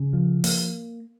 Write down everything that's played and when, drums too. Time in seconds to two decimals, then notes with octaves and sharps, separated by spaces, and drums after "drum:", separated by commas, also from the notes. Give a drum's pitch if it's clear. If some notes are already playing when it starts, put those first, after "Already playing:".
Already playing: C#3
0.13 F3
0.44 A#3, drum: open hi-hat